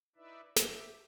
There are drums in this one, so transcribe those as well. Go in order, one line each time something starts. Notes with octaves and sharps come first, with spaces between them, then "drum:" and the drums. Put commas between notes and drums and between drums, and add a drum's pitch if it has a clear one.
D#4 E4 B4 D5 E5
G4 E5, drum: snare